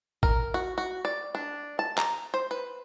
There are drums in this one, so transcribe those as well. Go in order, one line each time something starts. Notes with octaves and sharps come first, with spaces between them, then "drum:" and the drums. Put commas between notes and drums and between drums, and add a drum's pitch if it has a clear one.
A#4, drum: kick A1
F#4
F#4
D5
D4
A5
A#5, drum: clap
C5
B4